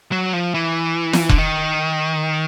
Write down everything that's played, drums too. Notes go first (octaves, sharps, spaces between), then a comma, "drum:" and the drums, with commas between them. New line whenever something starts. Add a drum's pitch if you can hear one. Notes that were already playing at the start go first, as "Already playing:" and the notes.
F#3
F3
E3
drum: snare
D3, drum: kick E1
D#3